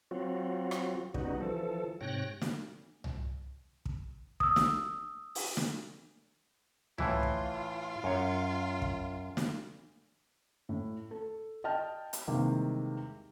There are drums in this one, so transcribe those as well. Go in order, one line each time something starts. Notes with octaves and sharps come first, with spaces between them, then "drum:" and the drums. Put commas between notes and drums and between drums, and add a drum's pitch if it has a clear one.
F#3 C4 F4 F#4
drum: rim click
C#3 G3 B3 D#4 F#4, drum: kick
E3 F3 A4
G#2 C3 C#5 G5 F#6 A#6
drum: snare
drum: tom C2
drum: kick
D#6 E6, drum: kick
drum: snare
drum: open hi-hat
drum: snare
A2 E3 E4 F4, drum: tom C2
drum: kick
F#2 C#5
drum: kick
drum: snare
A2
A4
D#5 G5 A5 F6
drum: hi-hat
C3 D#3 E3 G3 G#3 A#3